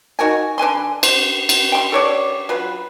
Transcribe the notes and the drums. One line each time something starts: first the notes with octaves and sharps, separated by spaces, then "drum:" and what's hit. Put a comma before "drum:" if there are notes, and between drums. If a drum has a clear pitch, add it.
D#4 F#4 A#4 G#5
D3 B4 G#5 C6
C5, drum: cymbal
drum: cymbal
G5 C6
A4 C#5 D5
F#3 F4 B4